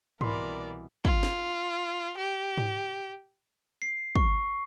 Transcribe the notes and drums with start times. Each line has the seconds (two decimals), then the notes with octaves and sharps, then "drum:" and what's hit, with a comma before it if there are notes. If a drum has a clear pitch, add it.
0.21 C2 B2 E3 A#4 D5 B5 C6, drum: tom G#2
1.05 F4, drum: kick
1.23 drum: snare
2.18 G4
2.58 drum: tom G#2
3.82 C7
4.16 C#6, drum: kick